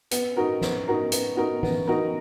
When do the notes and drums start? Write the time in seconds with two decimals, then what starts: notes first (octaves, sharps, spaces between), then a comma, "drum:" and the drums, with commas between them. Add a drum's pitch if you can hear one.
0.11 B3, drum: hi-hat
0.37 D#4 F#4 A#4
0.61 B3, drum: snare
0.88 D#4 F#4 A#4
1.12 B3, drum: hi-hat
1.37 D#4 F#4 A#4
1.63 B3, drum: tom
1.87 D#4 F#4 A#4